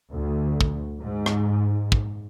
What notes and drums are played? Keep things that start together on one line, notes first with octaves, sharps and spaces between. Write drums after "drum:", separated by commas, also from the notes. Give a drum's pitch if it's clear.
D2
drum: kick
G#2
drum: rim click
drum: kick